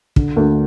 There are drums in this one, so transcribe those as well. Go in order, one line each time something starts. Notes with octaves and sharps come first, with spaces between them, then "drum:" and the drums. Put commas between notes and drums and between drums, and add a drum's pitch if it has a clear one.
D3, drum: kick
D2